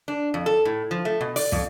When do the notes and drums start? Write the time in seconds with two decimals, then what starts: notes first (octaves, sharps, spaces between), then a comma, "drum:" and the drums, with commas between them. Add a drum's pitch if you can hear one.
0.08 D4
0.34 F2
0.46 A4
0.65 A2
0.91 F3
1.05 A3
1.21 B2
1.36 D5, drum: open hi-hat
1.52 F2, drum: kick